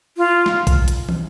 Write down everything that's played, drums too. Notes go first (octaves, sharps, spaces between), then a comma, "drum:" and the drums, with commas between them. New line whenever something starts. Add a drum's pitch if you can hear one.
F4
drum: snare
drum: kick A#1, hi-hat
drum: hi-hat
drum: tom